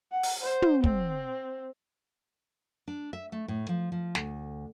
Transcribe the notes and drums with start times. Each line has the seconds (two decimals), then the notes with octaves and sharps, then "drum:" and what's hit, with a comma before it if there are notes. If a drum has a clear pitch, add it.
0.12 F#5
0.23 drum: open hi-hat
0.43 C5
0.62 drum: tom
0.84 C4, drum: kick
2.88 D4
3.13 E5
3.32 A3
3.48 A2
3.69 F3
3.92 F3
4.15 D2, drum: snare